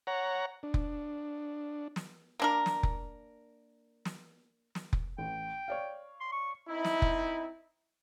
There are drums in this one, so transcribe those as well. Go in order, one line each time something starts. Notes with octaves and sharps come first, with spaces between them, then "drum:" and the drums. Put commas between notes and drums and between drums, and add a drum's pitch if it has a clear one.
C#5 F#5 A#5
D4
drum: kick F1
drum: snare
A#3 D4 A#4
drum: snare
drum: kick F1
drum: snare
drum: snare
drum: kick F1
A1 G5
C#5 D5 F5
C6
C#6
C4 D#4 E4
drum: snare
drum: kick F1